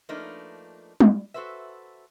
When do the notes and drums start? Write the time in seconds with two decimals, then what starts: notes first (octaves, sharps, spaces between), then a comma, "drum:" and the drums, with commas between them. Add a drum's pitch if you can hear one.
0.09 F3 A3 A#3 D4 D#4 B4
1.00 drum: tom G3
1.34 F#4 A4 B4 C5 E5